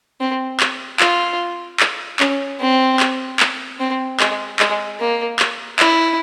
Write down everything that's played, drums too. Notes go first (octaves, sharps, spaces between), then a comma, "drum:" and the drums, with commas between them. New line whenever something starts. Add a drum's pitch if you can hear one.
C4
drum: clap
F4, drum: clap
drum: clap
C#4, drum: clap
C4
drum: clap
drum: clap
C4
G#3, drum: clap
G#3, drum: clap
A#3
drum: clap
E4, drum: clap